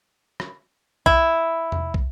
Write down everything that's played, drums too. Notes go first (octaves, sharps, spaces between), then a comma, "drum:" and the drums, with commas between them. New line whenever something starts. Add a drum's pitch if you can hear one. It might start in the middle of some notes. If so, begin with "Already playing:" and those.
drum: rim click
E4, drum: kick
drum: tom E2
drum: kick